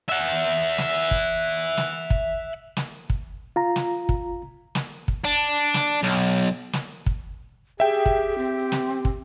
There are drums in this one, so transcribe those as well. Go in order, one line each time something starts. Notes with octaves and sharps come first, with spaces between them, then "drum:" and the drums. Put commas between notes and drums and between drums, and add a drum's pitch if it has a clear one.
E5 F#5
drum: snare
drum: kick
drum: snare
drum: kick
drum: snare
drum: kick
F4 A#5
drum: snare
drum: kick
drum: snare
drum: kick
D4
drum: snare
B1
drum: snare
drum: kick
G4 G#4 E5 G5
drum: kick
C4
drum: snare
drum: kick